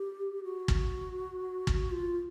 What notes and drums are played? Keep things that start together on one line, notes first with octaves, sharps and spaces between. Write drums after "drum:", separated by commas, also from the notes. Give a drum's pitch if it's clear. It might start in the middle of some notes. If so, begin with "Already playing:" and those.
Already playing: G4
F#4
drum: kick
drum: kick
F4